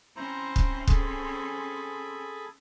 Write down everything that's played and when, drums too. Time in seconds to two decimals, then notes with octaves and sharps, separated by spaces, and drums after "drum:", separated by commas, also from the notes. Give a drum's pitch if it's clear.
0.16 C4 C#4 E4 C5 A#5
0.56 drum: kick
0.87 G#4 A4 B5, drum: kick